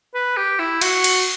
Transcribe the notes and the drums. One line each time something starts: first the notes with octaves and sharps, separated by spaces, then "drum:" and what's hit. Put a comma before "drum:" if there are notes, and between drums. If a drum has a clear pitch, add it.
B4
G4
E4
F#4, drum: cymbal
drum: cymbal